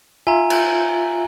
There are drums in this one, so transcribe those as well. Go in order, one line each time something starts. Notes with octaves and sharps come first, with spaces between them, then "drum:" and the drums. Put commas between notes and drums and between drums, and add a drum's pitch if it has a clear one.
F4 E5 G#5 A#5
drum: cymbal